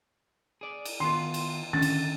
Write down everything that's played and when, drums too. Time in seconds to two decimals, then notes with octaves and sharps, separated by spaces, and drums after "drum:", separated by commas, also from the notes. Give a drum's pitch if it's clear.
0.61 G#4 D5
0.85 drum: cymbal
1.00 D#3 B3 F4 C6
1.34 drum: cymbal
1.73 D3 D#3 C#4 A6
1.82 drum: cymbal